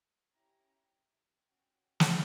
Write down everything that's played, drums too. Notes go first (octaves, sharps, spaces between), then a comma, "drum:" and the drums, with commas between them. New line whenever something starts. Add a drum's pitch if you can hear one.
C#4 E4 G4 A#5
C#4 F#4 G5
drum: snare